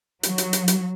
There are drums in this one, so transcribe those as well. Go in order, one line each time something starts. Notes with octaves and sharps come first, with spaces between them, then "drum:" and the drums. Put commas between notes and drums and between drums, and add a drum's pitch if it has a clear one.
F#3, drum: hi-hat
drum: hi-hat
drum: hi-hat
drum: hi-hat